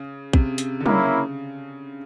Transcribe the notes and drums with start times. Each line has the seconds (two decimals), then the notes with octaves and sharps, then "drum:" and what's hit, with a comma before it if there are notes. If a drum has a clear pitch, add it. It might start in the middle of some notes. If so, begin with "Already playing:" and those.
Already playing: C#3
0.33 C3, drum: kick
0.58 drum: hi-hat
0.80 D3
0.86 C#3 A#3 C#4 E4, drum: tom F#3